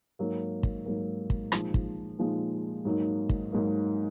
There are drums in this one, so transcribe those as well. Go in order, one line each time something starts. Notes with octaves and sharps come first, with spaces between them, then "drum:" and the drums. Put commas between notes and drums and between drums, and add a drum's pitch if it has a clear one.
G#2 F#3 A#3
drum: kick
G#2 F#3 A#3
drum: kick
A#2 F3 G#3 D#4, drum: rim click
drum: kick
A#2 F3 G#3 D#4
G#2 F#3 A#3 D#4
drum: kick
G#2 F#3 A#3 D#4